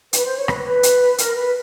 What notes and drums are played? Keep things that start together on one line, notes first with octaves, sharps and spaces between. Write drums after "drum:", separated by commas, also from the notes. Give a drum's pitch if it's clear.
B4, drum: hi-hat
C5
C#5
B4, drum: rim click
B4
drum: hi-hat
A#4, drum: hi-hat
B4